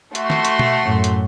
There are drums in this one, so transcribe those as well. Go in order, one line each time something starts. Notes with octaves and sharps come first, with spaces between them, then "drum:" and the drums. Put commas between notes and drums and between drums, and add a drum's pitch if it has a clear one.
A3 F#4 C6, drum: hi-hat
drum: snare
drum: hi-hat
drum: tom B2
F#2 A2
drum: hi-hat